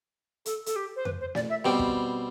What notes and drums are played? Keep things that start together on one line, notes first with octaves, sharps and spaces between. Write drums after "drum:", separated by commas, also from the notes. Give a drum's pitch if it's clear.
A4, drum: hi-hat
A4, drum: hi-hat
G4
C5
B4, drum: tom F2
C5
D5, drum: snare
E5
B2 G3 C4 G5
drum: kick